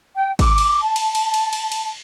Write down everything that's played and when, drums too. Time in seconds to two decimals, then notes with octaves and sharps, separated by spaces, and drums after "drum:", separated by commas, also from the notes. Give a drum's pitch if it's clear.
0.15 G5
0.39 D6, drum: kick G#1, cymbal
0.58 drum: cymbal
0.81 A5
0.96 drum: cymbal
1.15 drum: cymbal
1.34 drum: cymbal
1.53 drum: cymbal
1.72 drum: cymbal